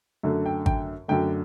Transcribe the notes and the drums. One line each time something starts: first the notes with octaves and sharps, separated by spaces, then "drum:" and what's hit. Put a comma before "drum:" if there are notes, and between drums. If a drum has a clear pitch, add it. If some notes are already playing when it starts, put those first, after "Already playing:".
F#2 D3 A3
G5
G5, drum: kick G#1
F#2 D3 A3 G5